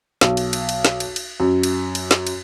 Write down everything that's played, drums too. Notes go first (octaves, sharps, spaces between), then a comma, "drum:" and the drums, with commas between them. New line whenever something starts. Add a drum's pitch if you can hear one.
B1, drum: snare
drum: cymbal
drum: cymbal
drum: cymbal
drum: snare
drum: cymbal
drum: cymbal
F#2
drum: cymbal
drum: cymbal
drum: snare
drum: cymbal